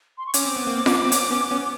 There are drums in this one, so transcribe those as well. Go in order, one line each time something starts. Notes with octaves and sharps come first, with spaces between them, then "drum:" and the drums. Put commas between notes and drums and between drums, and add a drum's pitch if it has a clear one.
C6
C#6
C#4 D6, drum: hi-hat
C4
B3
A#3 C4
drum: snare F4
C4
B3 C#4, drum: hi-hat
B3 C#4
B3 C#4